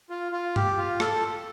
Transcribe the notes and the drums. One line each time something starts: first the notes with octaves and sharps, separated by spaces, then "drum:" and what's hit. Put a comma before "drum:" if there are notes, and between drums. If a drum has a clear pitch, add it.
F4
F4
G4, drum: tom G2
F4
A4, drum: rim click